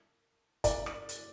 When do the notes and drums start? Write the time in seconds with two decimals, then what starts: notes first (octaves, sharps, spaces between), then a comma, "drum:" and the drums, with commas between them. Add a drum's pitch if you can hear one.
0.64 D5, drum: kick, hi-hat
0.86 drum: rim click
1.09 drum: hi-hat